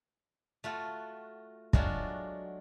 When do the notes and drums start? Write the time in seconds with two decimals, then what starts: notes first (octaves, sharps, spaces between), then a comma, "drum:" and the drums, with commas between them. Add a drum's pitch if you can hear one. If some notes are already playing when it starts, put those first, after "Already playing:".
0.64 A3 F4 F#4
1.73 F#3 G#3 A3 D4 F4 F#4, drum: kick